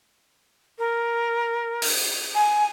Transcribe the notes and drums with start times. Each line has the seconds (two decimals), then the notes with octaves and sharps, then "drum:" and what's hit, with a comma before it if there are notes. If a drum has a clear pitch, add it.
0.78 A#4
1.82 drum: open hi-hat
2.35 G#5